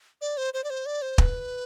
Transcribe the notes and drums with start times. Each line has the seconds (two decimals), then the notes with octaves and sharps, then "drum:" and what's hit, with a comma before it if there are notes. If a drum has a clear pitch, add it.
0.21 D5
0.37 C5
0.54 C5
0.64 D5
0.70 C5
0.86 D5
1.02 C5
1.18 B4, drum: kick